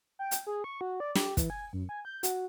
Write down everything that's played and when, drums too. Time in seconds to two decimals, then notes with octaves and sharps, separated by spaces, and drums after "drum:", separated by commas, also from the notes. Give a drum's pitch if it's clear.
0.19 G5
0.31 drum: hi-hat
0.47 G#4
0.64 C#6
0.81 F#4
1.00 D5
1.15 G4, drum: snare
1.37 E3, drum: kick, hi-hat
1.50 G#5
1.73 F#2
1.89 G#5
2.05 G6
2.23 F#4, drum: hi-hat